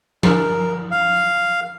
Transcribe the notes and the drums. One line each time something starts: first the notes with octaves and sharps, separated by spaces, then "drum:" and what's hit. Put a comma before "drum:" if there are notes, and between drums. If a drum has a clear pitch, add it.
A#4, drum: tom F3
F5